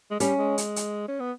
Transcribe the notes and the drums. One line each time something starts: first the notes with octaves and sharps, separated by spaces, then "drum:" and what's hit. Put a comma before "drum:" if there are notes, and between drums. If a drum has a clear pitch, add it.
G#3
G3 C#4, drum: hi-hat
G#3
drum: hi-hat
drum: hi-hat
C#4
B3